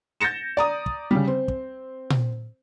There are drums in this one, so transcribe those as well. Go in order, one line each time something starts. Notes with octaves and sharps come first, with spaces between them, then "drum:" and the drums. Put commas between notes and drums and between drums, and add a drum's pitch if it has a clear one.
G6 A6 A#6 C#7 E7
D5 A#5 D#6
drum: kick
C#3 G3
C4
drum: kick
drum: tom A#2